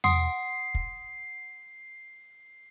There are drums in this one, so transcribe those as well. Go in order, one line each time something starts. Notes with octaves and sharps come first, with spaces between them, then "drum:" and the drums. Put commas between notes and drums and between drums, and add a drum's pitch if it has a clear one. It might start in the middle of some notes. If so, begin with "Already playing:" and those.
F#5 C6 D#6 C7, drum: tom E2
drum: kick